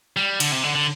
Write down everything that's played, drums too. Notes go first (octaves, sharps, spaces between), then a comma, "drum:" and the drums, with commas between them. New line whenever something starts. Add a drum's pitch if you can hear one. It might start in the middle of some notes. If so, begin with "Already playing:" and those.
G3
D3, drum: cymbal
C3
D3
D3